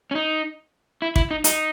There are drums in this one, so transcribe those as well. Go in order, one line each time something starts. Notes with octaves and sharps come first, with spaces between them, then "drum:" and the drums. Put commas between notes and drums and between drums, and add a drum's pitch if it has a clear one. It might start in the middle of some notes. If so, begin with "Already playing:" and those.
C#4
D#4
E4
E4, drum: kick
D#4
D#4, drum: hi-hat